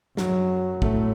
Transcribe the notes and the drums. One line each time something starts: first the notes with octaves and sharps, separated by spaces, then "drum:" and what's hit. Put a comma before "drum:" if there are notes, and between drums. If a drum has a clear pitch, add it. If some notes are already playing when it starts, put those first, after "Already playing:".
F#2 F#3, drum: snare
A2 A3, drum: kick